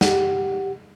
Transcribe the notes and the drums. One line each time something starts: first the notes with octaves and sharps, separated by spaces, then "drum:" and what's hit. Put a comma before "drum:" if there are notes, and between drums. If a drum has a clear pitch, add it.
G4 F#5, drum: snare